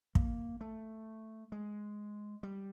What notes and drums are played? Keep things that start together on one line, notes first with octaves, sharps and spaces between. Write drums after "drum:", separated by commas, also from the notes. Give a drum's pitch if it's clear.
A#3, drum: kick
A3
G#3
G3